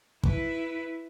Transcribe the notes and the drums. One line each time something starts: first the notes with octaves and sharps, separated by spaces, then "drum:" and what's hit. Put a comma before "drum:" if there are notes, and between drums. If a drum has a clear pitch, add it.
E4 B4, drum: kick